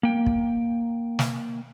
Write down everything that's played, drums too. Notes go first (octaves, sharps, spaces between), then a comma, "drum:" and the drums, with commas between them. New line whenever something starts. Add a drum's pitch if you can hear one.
A#3 G5
drum: kick
drum: snare